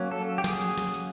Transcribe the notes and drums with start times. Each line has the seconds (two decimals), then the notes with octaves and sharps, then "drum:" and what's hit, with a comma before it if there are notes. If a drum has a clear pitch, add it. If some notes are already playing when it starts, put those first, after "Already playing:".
Already playing: F#3 A#3 C#4
0.11 A4
0.38 G4
0.44 G#4, drum: snare
0.61 drum: open hi-hat
0.78 drum: snare
0.94 drum: hi-hat